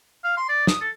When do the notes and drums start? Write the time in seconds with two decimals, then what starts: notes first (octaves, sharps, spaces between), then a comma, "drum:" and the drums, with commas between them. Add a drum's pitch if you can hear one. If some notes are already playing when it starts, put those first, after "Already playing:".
0.24 F5
0.37 C6
0.49 D5
0.67 D#6, drum: snare
0.81 A4